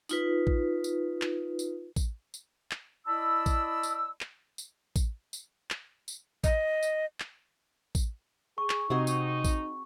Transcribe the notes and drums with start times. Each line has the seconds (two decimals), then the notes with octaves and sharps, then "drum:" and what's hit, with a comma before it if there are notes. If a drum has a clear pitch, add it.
0.09 D#4 F4 B4, drum: tambourine
0.47 drum: kick A1
0.84 drum: tambourine
1.22 drum: clap
1.59 drum: tambourine
1.96 drum: kick A1, tambourine
2.34 drum: tambourine
2.71 drum: clap
3.07 E4 D5 D#5 A5 B5 E6
3.46 drum: kick A1, tambourine
3.83 drum: tambourine
4.21 drum: clap
4.58 drum: tambourine
4.96 drum: kick A1, tambourine
5.33 drum: tambourine
5.70 drum: clap
6.08 drum: tambourine
6.44 D#5, drum: kick A1, tambourine
6.83 drum: tambourine
7.20 drum: clap
7.95 drum: kick A1, tambourine
8.58 G#4 C#6
8.70 drum: clap
8.90 C3 C4 D#4 F#4 G#4
9.07 drum: tambourine
9.44 drum: kick A1, tambourine